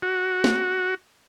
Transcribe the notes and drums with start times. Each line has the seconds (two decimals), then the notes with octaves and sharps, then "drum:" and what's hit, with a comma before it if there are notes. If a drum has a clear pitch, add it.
0.02 F#4
0.44 drum: snare